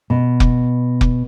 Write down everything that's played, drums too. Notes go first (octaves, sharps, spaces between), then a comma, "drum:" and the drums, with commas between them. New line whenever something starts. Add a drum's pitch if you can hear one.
B2
drum: kick F1
drum: kick F1